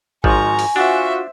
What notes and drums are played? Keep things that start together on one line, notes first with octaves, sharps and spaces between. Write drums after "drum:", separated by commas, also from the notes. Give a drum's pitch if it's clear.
G#1 G#2 F3 G#5 A#5 C#6, drum: kick A1
drum: open hi-hat
D4 F4 F#4 C5 E5